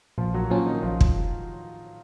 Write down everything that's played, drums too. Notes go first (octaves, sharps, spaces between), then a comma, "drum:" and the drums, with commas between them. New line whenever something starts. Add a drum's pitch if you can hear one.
A#1 F3 F4
F#3 F#4
A#2 F3 F#3 C#4 F4
D#3 D#4
A#1 F3 F4
drum: kick